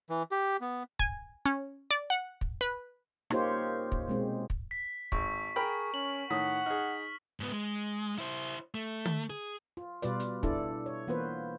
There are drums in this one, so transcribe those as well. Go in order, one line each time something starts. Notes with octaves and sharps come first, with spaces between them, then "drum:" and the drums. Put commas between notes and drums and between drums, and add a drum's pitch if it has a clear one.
E3
G4
B3
G#5, drum: kick
C#4
D5
F#5
drum: kick
B4
A#3 D#4 F4 G4 C5 C#5, drum: rim click
drum: kick
B2 G#3 C4
drum: kick
B6
G#1 C#6, drum: kick
G#4 A#4 G5 B5
C#4 F#7
A2 D#3 F#5 D#6 B6
D#4 G#4 F6
G#2 B3
G#3
E4 C5
A3
drum: tom
G#4
F4
B2 G3 F4 B4 D5, drum: hi-hat
drum: hi-hat
D4 E4 A4 D5, drum: kick
C#5
E3 A#3 B3 F4 B4 C5